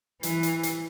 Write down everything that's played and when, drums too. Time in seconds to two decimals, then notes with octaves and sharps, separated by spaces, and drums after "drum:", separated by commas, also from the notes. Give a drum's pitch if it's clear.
0.23 E3, drum: hi-hat
0.43 drum: hi-hat
0.63 drum: hi-hat